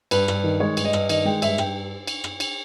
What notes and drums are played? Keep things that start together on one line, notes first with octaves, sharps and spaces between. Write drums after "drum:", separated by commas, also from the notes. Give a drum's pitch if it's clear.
G2 B4, drum: cymbal
G2, drum: rim click
D#3
G#3 C#5
G2, drum: cymbal
D#5
G2, drum: rim click
D#3 D#5, drum: cymbal
G#3 G5
G2 E5, drum: cymbal
G2 G5, drum: rim click
drum: cymbal
drum: rim click
drum: cymbal